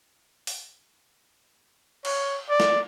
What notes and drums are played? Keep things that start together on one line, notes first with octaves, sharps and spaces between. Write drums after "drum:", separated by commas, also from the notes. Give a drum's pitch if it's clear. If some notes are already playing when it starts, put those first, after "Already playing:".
drum: open hi-hat
C#5, drum: cymbal
D5
drum: snare